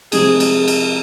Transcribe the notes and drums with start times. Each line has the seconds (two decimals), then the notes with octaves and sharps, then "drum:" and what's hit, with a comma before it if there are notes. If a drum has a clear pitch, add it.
0.12 C3 F3 G#3 G#4, drum: cymbal
0.40 drum: cymbal
0.68 drum: cymbal